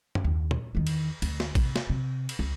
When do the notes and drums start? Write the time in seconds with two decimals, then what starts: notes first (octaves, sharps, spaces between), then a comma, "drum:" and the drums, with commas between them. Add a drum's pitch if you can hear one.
0.15 drum: tom F#2
0.24 D#2
0.51 drum: tom A#2
0.75 E2 D#3
0.87 drum: cymbal
1.22 D2, drum: cymbal
1.40 drum: snare
1.55 C3, drum: kick, cymbal
1.76 drum: snare
1.90 C3
2.29 drum: cymbal
2.39 C#2